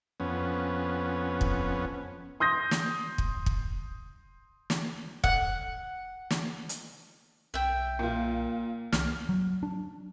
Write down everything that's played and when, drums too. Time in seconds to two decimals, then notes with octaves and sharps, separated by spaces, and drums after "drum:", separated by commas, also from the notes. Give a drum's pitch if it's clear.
0.20 F2 B3 C#4
1.41 drum: kick
2.40 C6 D#6 G6 A#6
2.71 drum: snare
3.18 drum: kick
3.46 drum: kick
4.70 drum: snare
5.24 F#5, drum: kick
6.30 drum: snare
6.69 drum: hi-hat
7.54 B1 E5 G5
7.99 A#2 F4
8.92 C2 F6, drum: snare
9.29 F#3
9.63 D4